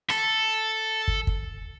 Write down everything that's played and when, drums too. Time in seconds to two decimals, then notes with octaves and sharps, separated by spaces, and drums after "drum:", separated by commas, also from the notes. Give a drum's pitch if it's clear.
0.10 A4, drum: rim click
1.08 drum: kick
1.27 drum: kick